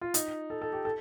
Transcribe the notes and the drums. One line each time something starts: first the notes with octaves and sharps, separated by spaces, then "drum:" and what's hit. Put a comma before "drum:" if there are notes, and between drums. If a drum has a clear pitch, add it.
F4
D#4, drum: hi-hat
A4
A4
G4
A4